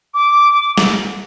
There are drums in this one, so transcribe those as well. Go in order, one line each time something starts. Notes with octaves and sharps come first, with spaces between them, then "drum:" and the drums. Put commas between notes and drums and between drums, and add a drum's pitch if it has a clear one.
D6
drum: snare